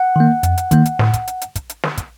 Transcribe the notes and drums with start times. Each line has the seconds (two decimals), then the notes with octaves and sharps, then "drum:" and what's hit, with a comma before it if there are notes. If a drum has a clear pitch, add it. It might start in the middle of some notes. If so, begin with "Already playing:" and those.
Already playing: F#5
0.16 D#3 A#3
0.43 F2, drum: hi-hat
0.58 drum: hi-hat
0.71 D#3 A#3, drum: kick, hi-hat
0.86 drum: hi-hat
0.99 A2, drum: snare
1.13 drum: kick, hi-hat
1.27 drum: hi-hat
1.41 drum: hi-hat
1.55 drum: kick, hi-hat
1.69 drum: hi-hat
1.83 drum: snare
1.97 drum: kick, hi-hat